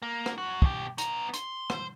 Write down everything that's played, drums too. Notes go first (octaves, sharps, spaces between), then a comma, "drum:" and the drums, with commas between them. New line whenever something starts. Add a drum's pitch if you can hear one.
A#3
drum: rim click
F#2 F#4
B2 G4, drum: kick
B3 A#5, drum: hi-hat
C6, drum: hi-hat
C5 C6, drum: rim click